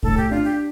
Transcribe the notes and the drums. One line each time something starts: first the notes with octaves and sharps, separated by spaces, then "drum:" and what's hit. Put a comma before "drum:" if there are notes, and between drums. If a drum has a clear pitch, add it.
A2 A4, drum: kick
G4
D4 F4
G4